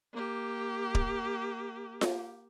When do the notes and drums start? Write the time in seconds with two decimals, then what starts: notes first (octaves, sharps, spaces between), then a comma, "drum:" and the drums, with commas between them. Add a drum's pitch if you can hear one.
0.13 A#3 G4
0.95 drum: kick D1
2.01 drum: snare F4